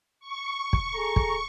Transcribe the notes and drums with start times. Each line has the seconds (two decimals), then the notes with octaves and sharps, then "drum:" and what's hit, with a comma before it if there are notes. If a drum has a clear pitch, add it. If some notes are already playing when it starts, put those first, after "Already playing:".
0.20 C#6
0.73 drum: kick
0.95 G#4 A4 A#5
1.16 drum: kick